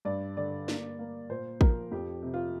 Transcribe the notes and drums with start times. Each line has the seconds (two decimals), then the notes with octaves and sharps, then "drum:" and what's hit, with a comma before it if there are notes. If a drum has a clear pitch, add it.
0.05 G2 D5
0.37 D3 D5
0.68 A#3, drum: snare
0.99 A#3
1.30 A#2 C5
1.61 F3 A#4, drum: kick
1.91 F2 G4
2.22 C3
2.34 F4